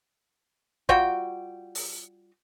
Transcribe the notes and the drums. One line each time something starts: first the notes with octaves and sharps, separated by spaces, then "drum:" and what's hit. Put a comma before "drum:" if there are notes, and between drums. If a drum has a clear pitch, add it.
G3 F4 F#4 G5, drum: kick
drum: open hi-hat